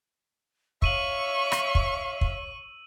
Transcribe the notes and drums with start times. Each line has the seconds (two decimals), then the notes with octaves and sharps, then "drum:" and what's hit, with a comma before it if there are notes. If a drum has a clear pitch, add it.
0.82 C#5 E5 F5 C#6 E6 D#7 F#7, drum: kick
1.52 drum: rim click
1.75 drum: kick
2.21 drum: kick